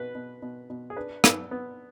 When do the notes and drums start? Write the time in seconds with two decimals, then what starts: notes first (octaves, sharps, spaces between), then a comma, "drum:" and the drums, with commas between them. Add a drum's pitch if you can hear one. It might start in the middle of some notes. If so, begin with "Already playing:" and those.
Already playing: B2 B4
0.15 B2
0.42 B2
0.70 B2
0.90 G#4
0.97 D4 B4
1.24 B3, drum: rim click
1.51 B3